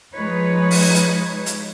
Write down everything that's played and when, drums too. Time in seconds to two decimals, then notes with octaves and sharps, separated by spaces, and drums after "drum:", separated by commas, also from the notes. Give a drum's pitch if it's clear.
0.14 F3 G#3 D#4 B4 C#5
0.71 drum: open hi-hat
0.94 drum: hi-hat
1.46 drum: hi-hat